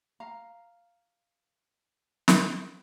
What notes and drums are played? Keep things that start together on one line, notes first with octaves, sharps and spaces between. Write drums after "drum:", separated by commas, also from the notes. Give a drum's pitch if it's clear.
F5 A#5
drum: snare